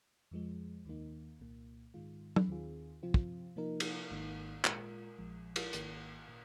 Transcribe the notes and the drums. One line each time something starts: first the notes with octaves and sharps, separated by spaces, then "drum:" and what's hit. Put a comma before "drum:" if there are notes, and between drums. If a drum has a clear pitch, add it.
F2 F3 G#3
D#2 D#3 A#3 D#4
C2 A#2 A#3
G#2 D#3 G#3 F4
drum: tom
D#2 D#3 C4 F4 G#4
C3 F3 C4 F4
drum: kick
C3 F3 A#3 D#4 A#4
drum: cymbal
G#1 G#2 D#3 A#3 D#4
A#2 G#3 F4 A#4, drum: clap
A#1 A#2 F3 G#3
drum: cymbal
G#1 G#2 D#3 A#3, drum: hi-hat
A#2